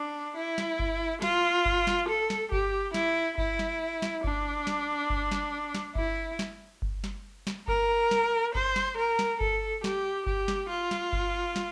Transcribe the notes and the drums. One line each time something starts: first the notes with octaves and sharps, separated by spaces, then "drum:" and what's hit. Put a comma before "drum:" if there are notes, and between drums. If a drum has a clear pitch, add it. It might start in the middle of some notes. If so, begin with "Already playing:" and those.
Already playing: D4
E4
drum: snare
drum: kick G1
F4, drum: snare
drum: kick G1
drum: snare
A4
drum: snare
G4, drum: kick G1
E4, drum: snare
E4, drum: kick G1
drum: snare
drum: snare
D4, drum: kick G1
drum: snare
drum: kick G1
drum: snare
drum: snare
E4, drum: kick G1
drum: snare
drum: kick G1
drum: snare
drum: snare
A#4, drum: kick G1
drum: snare
C5, drum: kick G1
drum: snare
A#4
drum: snare
A4, drum: kick G1
G4, drum: snare
G4, drum: kick G1
drum: snare
F4
drum: snare
drum: kick G1
drum: snare